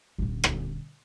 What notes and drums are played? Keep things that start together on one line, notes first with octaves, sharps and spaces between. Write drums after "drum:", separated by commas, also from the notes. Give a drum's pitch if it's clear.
D#1 D3
drum: rim click